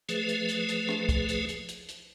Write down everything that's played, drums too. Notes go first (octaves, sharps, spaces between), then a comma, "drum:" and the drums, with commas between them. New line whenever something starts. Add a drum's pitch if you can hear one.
F3 A3 G#4 B4, drum: hi-hat
drum: hi-hat
drum: hi-hat
drum: hi-hat
drum: rim click
drum: kick, hi-hat
drum: hi-hat
drum: hi-hat
drum: hi-hat
drum: hi-hat